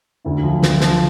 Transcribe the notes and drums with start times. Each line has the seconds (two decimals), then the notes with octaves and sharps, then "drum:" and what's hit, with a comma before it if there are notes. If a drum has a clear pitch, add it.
0.25 D2 D3 E4
0.43 F3
0.62 F3, drum: snare
0.81 F3, drum: snare